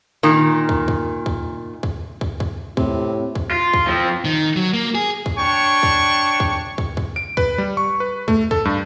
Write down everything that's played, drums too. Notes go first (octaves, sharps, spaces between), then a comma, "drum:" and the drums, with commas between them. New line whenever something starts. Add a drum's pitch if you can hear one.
A#2 D#3
drum: kick
drum: kick
drum: kick
drum: kick
drum: kick
drum: kick
A2 C3, drum: kick
drum: kick
F4
drum: kick
F3 C4
D#3
F#3
A#3
G#4
drum: kick
D4 C#5 G5 C#6
drum: kick
drum: kick
drum: kick
drum: kick
D7
B4, drum: kick
G3
C#6
B4
A3, drum: kick
A4, drum: kick
G2